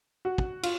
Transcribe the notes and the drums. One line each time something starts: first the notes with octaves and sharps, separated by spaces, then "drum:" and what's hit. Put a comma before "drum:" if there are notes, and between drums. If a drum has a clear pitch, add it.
F#4
drum: kick
F4, drum: cymbal